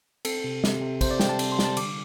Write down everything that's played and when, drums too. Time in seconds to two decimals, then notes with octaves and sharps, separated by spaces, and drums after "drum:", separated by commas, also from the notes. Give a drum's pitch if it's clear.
0.25 C4 A4, drum: cymbal
0.44 C3
0.64 C3, drum: snare
0.82 C3
1.01 C3 C5, drum: kick A1, cymbal
1.11 D5
1.20 G3 G5, drum: snare
1.29 A5
1.39 C4, drum: cymbal
1.52 C6
1.59 G3, drum: snare
1.65 A5
1.77 D3 D6, drum: cymbal